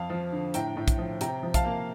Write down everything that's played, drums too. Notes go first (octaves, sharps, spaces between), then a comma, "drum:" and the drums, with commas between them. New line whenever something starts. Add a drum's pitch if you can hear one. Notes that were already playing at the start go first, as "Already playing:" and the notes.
Already playing: F2 F5 A5
F3
D3
A2 G5 A#5, drum: hi-hat
A2
drum: kick, hi-hat
F3
C3 G5 A#5, drum: hi-hat
F3
F5 A5, drum: kick, hi-hat
A#3